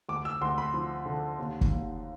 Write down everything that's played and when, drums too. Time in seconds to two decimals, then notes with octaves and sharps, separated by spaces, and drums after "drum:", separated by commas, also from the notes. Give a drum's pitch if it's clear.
0.09 D2 D6
0.25 E6
0.41 D2 C6
0.58 B5
0.74 F3
1.06 D3
1.39 D#2
1.61 drum: kick
1.71 D#2